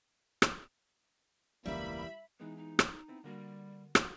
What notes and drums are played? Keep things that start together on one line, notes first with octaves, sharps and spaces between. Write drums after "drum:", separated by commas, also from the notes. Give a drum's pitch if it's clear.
drum: rim click
E1 C#2 E3 G3 A#3 E5 B5
E3 G#3 B3 D#4
D#4
drum: rim click
B3 C4 E4
D3 G3 A#3 F#4
F#4 F5, drum: rim click